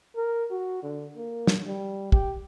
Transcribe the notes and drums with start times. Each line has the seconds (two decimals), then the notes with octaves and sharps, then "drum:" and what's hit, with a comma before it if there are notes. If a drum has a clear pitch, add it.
0.16 A#4
0.51 F#4
0.83 D3
1.17 A#3
1.47 drum: snare
1.67 G3
2.12 G4, drum: kick